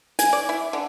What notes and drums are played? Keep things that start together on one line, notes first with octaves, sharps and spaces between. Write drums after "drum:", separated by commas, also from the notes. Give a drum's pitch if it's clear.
G#5, drum: hi-hat
D5
E4
D3